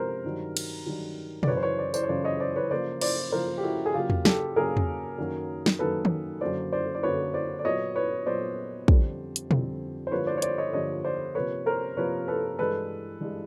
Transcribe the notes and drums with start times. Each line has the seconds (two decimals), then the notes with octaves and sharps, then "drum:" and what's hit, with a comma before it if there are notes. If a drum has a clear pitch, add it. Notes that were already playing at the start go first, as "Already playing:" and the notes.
Already playing: C3 F3 G#3 C4 A#4 C5
0.24 G2 D#3 F#3
0.57 drum: cymbal
0.86 G2 D#3 F#3
1.43 D5, drum: tom B2
1.47 F#2 C#3 E3 B4 C#5
1.57 C5
1.63 B4 C#5
1.78 C5 D5
1.94 C5 D5, drum: tambourine
2.03 C#5
2.09 F#2 C#3 E3 C5 D5
2.24 C#5 D#5
2.40 C5 D5
2.56 B4 C#5
2.70 C#3 F3 A#3 C5 D5
3.01 C5 D5, drum: cymbal
3.32 C#3 F3 A#3 A#4 C5
3.58 G4
3.64 E4 F#4
3.86 G#4
3.94 C#3 F#3 A#3 F4 G4
4.10 drum: tom E2
4.25 G4 A4, drum: snare
4.56 C#3 F#3 A#3 G#4 A#4
4.77 drum: tom E2
5.18 F#2 D#3 F#3 A#3
5.66 drum: snare
5.79 F#2 D#3 F#3 A#3 A4 B4
6.05 drum: tom
6.41 F#2 D3 F#3 A#3 C5 D5
6.72 C5 D5
6.95 D5
7.03 F#2 D3 F#3 A#3 B4 C#5
7.34 C5 D5
7.59 D5
7.65 A#2 F#3 B3 C#5 D#5
7.95 B4 C#5
8.26 A#2 F#3 B3 C5 D5
8.88 F2 D3 G3 C4, drum: kick
9.36 drum: hi-hat
9.51 F2 D3 G3 C4, drum: tom B2
10.07 C5
10.12 G2 D3 F3 A#3 B4 C#5
10.27 C5 D5
10.37 C#5
10.42 C5 D5, drum: hi-hat
10.58 C#5 D#5
10.73 G2 D3 F3 A#3 C#5 D#5
11.04 C5 D5
11.35 C3 F3 A#3 B4 C#5
11.66 A#4 C5
11.97 C3 F3 A#3 B4 C#5
12.28 A4 B4
12.59 G2 E3 G#3 A4 B4
13.21 G2 E3 G#3